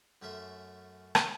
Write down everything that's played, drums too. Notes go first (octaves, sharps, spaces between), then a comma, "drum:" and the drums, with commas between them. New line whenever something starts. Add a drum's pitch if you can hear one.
F#2 A3 C#4 E5 C6
drum: rim click